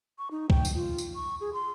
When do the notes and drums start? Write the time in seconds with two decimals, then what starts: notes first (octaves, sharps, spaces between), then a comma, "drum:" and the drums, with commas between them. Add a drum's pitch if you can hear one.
0.18 C#6
0.31 D#4
0.50 G5, drum: kick
0.65 drum: tambourine
0.74 F4
0.98 drum: tambourine
1.15 C#6
1.41 G#4
1.53 C6